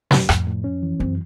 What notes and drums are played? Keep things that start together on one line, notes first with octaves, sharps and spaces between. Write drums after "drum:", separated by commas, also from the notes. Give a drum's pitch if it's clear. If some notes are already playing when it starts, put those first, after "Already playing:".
F#2, drum: snare
F2 A2, drum: rim click
A2
C#4
E3
F#2 C4